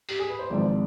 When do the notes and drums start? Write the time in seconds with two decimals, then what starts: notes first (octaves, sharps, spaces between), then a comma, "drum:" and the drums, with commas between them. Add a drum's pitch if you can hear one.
0.09 G4, drum: open hi-hat
0.19 G#4
0.29 B4
0.39 C5
0.50 G#1 G#2 F3 D5